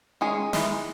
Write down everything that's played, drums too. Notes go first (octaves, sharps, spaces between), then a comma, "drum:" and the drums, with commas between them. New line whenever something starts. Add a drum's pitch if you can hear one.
D#3 G#3 C#4 G#4
E3 G#3 D#4, drum: snare